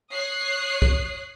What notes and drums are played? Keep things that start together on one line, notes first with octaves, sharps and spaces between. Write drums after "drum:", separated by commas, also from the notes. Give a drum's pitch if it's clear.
C#5 D#6 F#6 C7
drum: kick